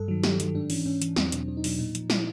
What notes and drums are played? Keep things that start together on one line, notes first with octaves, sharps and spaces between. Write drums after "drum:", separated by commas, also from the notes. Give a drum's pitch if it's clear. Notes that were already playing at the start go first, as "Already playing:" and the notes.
Already playing: G2 A4
D#3 F#3
G2 G4, drum: snare
D#3 F#3, drum: hi-hat
G#2 D4
E3 C#4, drum: open hi-hat
G#2 C#4
E3, drum: hi-hat
E2 C4, drum: snare
B2 F#3 D4, drum: hi-hat
E2 D4
D#4
B2 F#3 D4, drum: open hi-hat
A#2 D#4
F3, drum: hi-hat
A#2 E4, drum: snare